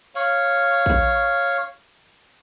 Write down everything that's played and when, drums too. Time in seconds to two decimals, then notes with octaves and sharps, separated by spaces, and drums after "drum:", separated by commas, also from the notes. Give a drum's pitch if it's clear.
0.15 C#5 F5, drum: open hi-hat
0.86 drum: kick